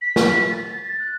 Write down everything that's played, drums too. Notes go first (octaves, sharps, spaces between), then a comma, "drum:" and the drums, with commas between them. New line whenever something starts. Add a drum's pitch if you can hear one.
B6
drum: snare
A6
A6
A6
F#6